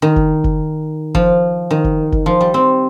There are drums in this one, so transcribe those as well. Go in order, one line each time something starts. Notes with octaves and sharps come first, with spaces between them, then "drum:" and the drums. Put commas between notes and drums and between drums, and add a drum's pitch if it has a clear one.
D#3
drum: kick
drum: kick
F3, drum: kick
D#3
drum: kick
drum: kick
F3
G3
C4